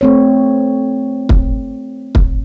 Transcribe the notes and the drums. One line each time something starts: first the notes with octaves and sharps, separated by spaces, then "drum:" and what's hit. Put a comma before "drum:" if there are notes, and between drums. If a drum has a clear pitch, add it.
A3 C4 C#5
drum: kick
drum: kick